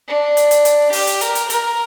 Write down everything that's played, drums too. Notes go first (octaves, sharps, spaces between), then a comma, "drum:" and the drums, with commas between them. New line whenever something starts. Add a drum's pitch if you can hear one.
D4
drum: hi-hat
drum: hi-hat
drum: hi-hat
G4, drum: open hi-hat
drum: hi-hat
A#4, drum: hi-hat
drum: hi-hat
A#4, drum: hi-hat